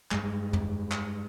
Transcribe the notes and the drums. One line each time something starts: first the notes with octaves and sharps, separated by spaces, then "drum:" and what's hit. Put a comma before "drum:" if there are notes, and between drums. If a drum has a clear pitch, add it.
G2 G#3, drum: clap
drum: tom
drum: clap